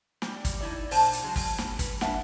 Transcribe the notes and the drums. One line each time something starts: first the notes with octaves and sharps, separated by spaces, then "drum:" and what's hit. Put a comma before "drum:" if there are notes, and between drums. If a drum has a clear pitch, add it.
G3, drum: snare
drum: kick, hi-hat
D#4 E4 D5
A#2 D4 C5 G5 A5, drum: open hi-hat
drum: hi-hat
F#3 G#3
drum: kick, open hi-hat
drum: snare
B4, drum: kick, hi-hat
D4 E5 F#5, drum: snare